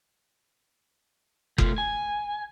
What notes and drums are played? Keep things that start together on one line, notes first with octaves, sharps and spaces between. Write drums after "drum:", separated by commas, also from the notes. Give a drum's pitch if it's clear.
A3 F4, drum: kick F#1
G#5